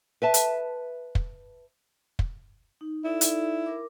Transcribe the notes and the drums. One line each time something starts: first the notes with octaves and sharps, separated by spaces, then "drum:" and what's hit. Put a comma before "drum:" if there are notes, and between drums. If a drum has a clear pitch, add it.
B4 E5 A5
drum: hi-hat
drum: kick
drum: kick
D#4
D#4 E4 A4 D5
drum: hi-hat
A#4 D6